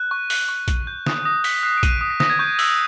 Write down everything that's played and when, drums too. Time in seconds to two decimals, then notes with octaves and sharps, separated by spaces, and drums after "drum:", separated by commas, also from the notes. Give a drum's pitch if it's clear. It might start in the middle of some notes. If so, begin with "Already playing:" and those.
Already playing: F#6
0.11 C#6
0.30 F#6, drum: open hi-hat
0.49 C#6
0.68 C#6, drum: kick A#1, hi-hat
0.87 G6
1.06 D#6, drum: snare
1.25 D#6 A#6
1.44 G6 B6, drum: open hi-hat
1.63 F#6 C7
1.77 D7
1.83 D#6 D#7, drum: kick A#1, hi-hat
1.97 D7
2.01 D#6 D#7
2.11 B6
2.20 D#6 A#6, drum: snare
2.30 G#6
2.39 C#6 G6
2.59 E6, drum: open hi-hat